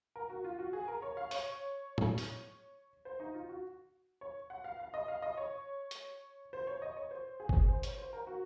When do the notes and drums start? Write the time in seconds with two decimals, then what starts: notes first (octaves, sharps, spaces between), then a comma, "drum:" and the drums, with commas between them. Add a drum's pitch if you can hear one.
0.16 A#4
0.30 F#4
0.44 F4
0.59 F#4
0.73 G#4
0.88 A#4
1.02 C#5
1.17 F5
1.31 C#5, drum: open hi-hat
1.98 drum: tom
2.18 drum: open hi-hat
3.05 C5
3.20 D#4
3.35 F4
3.49 F#4
4.21 C#5
4.50 F#5
4.64 F5
4.79 F5
4.94 D#5
5.08 F5
5.22 D#5
5.37 C#5
5.91 drum: hi-hat
6.53 C5
6.67 C#5
6.82 D#5
6.96 C#5
7.11 C5
7.40 G#4
7.49 drum: kick G1
7.69 C5
7.83 C#5, drum: hi-hat
7.98 C5
8.13 A#4
8.27 F#4